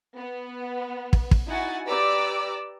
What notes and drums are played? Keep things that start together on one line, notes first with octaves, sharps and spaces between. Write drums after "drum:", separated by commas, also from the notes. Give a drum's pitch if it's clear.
B3
drum: kick
drum: kick
D#4 E4 F#4 F#5 G#5 A6
G4 B4 D5 A#5 D6 E6